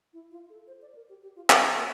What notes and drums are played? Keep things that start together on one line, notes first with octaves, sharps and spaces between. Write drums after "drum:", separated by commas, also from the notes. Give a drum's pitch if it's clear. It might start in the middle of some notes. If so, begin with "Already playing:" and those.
E4
F4
A4
C5
D5
A#4
G4
G4
F4
D4, drum: clap
C4
A#3